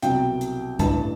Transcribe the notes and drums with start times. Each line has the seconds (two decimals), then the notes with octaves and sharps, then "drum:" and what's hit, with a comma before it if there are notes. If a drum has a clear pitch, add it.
0.02 C2 B2 F#3 G5, drum: hi-hat
0.41 drum: hi-hat
0.79 A1 G2 E3 A5, drum: kick C2, hi-hat